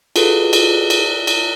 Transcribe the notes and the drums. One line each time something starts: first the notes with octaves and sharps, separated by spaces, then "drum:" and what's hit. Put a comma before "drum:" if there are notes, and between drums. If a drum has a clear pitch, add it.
F4 F#4 G#4 A4 B4, drum: cymbal
drum: cymbal
drum: cymbal
drum: cymbal